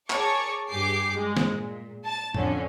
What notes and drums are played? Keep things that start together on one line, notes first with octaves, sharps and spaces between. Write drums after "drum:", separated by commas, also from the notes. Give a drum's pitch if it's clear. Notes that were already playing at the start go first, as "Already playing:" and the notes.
G#4 A#4 C#5 A5 C#6 D6, drum: clap
G2 G4 G#4 D6 C7
G#3
drum: snare
A#2
A5 A6
F2 D3 C#4, drum: tom A2